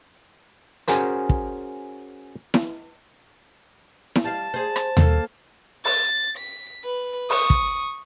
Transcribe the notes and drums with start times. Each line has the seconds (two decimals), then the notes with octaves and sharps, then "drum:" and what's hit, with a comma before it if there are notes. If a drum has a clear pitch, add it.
0.88 C#4 F#4 G#4 A#4 C5, drum: hi-hat
1.29 drum: kick
2.54 drum: snare E4
4.16 drum: snare E4
4.25 G3 F5 A5
4.54 G#4 C5
4.76 drum: rim click
4.97 A#3 A4, drum: tom D#2
5.85 A6, drum: open hi-hat
6.38 B6
6.84 B4
7.30 C#6 D#6, drum: open hi-hat
7.50 drum: kick